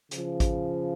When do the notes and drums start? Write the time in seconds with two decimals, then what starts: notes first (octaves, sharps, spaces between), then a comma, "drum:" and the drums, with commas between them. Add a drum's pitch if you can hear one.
0.11 C#3 F3, drum: hi-hat
0.40 drum: kick A1, hi-hat